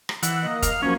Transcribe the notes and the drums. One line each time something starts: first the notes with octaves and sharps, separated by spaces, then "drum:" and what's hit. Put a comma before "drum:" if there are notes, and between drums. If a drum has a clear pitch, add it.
drum: rim click
E3 F#5, drum: hi-hat
A#3 D#5
F5, drum: kick, hi-hat
F3 F#3 A#3 C#4